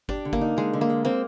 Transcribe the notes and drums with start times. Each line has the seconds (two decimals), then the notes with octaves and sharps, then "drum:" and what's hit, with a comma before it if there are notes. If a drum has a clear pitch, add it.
0.09 D4 G4, drum: kick G1
0.25 D3
0.33 A#3, drum: kick G1
0.41 D#4
0.57 D3 G#3
0.73 D3
0.81 A#3
0.90 G#3
1.05 A#3 C4